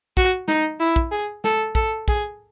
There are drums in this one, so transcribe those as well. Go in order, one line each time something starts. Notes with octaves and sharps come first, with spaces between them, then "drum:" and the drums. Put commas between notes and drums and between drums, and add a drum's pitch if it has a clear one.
F#4, drum: kick
D#4, drum: snare
E4
drum: kick
G#4
A4, drum: snare
A4, drum: kick
G#4, drum: kick